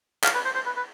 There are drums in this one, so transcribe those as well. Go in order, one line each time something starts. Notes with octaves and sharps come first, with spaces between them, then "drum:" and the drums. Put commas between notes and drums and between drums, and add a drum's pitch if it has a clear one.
F5, drum: clap
B4
C5
C5
B4
B4